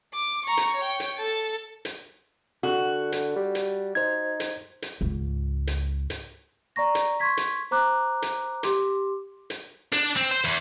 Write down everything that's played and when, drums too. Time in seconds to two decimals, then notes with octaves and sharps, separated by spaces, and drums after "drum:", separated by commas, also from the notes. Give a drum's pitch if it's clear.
0.14 D6
0.45 A#5 C#6
0.57 drum: hi-hat
0.76 C#5 G5
1.00 drum: hi-hat
1.18 A4 A5
1.85 drum: hi-hat
2.63 D3 F#4
3.12 drum: hi-hat
3.36 G3
3.55 drum: hi-hat
3.95 D#4 C5 G#6
4.40 drum: hi-hat
4.82 drum: hi-hat
5.01 C#2 G#2
5.67 drum: hi-hat
6.10 drum: hi-hat
6.76 D5 A#5 C#6 A#6
6.95 drum: hi-hat
7.20 C6 C#6 G#6 B6
7.37 drum: hi-hat
7.71 C5 A#5 D6 F#6
8.22 drum: hi-hat
8.63 G4 C6 D6, drum: hi-hat
9.50 drum: hi-hat
9.92 D4, drum: hi-hat
10.16 C4
10.31 C5
10.44 E2